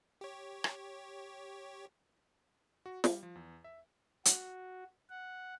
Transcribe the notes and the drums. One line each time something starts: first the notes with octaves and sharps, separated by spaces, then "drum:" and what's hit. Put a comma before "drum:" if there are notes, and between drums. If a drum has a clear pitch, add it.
G4 C#5
drum: rim click
F#4
G3, drum: snare
F3
E2
E5
F#4, drum: hi-hat
F#5